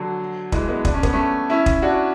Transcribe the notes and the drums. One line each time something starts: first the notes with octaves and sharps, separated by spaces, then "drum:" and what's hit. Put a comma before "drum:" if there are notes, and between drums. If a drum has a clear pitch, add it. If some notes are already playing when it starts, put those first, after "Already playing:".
Already playing: D3 F#3
E3 G#3, drum: kick
G#3 B3
D4, drum: kick
C#4
B3, drum: kick
A3 C#4
C#4 E4
drum: kick
D4 F#4